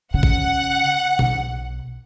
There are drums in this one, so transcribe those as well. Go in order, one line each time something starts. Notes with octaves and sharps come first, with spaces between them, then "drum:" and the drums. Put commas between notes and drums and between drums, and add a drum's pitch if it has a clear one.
C#3 F#5
drum: kick A1
B1, drum: tom B2